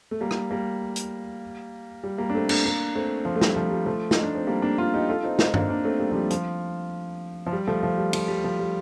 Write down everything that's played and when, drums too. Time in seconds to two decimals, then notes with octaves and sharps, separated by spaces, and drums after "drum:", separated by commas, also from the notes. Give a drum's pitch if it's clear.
0.11 A3
0.21 G3 A#3
0.31 drum: rim click
0.51 G3 A#3
0.96 drum: hi-hat
2.04 G3
2.18 G3 A#3
2.30 D4
2.35 A3 C4
2.49 A#3 D4, drum: cymbal
2.65 A#3 D4
2.95 A3 C4
3.25 F3
3.36 A3
3.41 G3, drum: snare
3.56 F3
3.71 G3
3.86 F3 A3
4.11 D#4, drum: snare
4.23 D4
4.35 C4
4.47 G3 A#3
4.62 A#3 D4
4.78 D4 F4
4.94 D#4 G4
5.09 F4 A4
5.23 C4 D#4
5.39 C4 D#4, drum: snare
5.54 A#3 D4, drum: tom G2
5.69 A#3 D4
5.85 A3 C4
5.99 G3 A#3
6.11 F3
6.15 G3
6.30 F3, drum: hi-hat
7.47 F3
7.53 G3
7.67 F3 A3
7.83 F3
7.98 G3
8.13 F3, drum: cymbal
8.28 G3
8.44 F3
8.59 G3